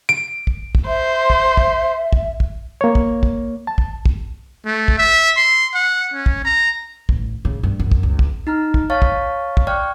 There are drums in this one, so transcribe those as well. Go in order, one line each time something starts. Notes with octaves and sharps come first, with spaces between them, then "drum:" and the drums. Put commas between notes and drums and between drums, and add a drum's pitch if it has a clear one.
D7
drum: kick
drum: kick
C5 E5
drum: kick
drum: kick
drum: kick
drum: kick
A#3 C#5
drum: kick
drum: kick
A5
drum: kick
drum: kick
A3
drum: kick
E5
C6
F#5
C#4
drum: kick
A#5
A1, drum: kick
C#3
G2
F#2
drum: kick
C#2
drum: kick
D#4 A#5 F6
drum: kick
C#5 F5 A5 C#6 F6 A6
drum: kick
drum: kick
D5 G5 C#6 F6 F#6